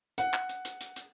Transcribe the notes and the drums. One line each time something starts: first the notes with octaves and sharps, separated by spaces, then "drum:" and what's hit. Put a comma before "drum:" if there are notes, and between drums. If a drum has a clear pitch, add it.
F#5, drum: hi-hat
drum: clap
drum: hi-hat
drum: hi-hat
drum: hi-hat
drum: hi-hat